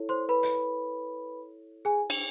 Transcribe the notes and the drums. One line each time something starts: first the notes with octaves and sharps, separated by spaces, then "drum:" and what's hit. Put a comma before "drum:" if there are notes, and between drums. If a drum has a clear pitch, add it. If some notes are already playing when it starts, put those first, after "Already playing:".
Already playing: E4 A4 C#5
C5 C6
B4 B5
drum: hi-hat
G#4 G#5
drum: cymbal